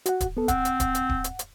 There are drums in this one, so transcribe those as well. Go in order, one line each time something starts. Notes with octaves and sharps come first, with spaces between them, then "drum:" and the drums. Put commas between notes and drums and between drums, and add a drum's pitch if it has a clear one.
F#4 F#5, drum: hi-hat
drum: kick D1, hi-hat
B3 A4
C4 F#5, drum: kick D1, hi-hat
drum: hi-hat
drum: kick D1, hi-hat
drum: hi-hat
drum: kick D1
drum: hi-hat
drum: hi-hat